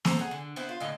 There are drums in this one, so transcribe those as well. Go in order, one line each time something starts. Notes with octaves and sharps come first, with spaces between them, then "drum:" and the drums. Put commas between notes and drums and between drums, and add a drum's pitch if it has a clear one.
A4 C5 A#5, drum: snare A#3
G#4 F#5
D3
B3 E4 B4 C5
F4
A2 D3 D#5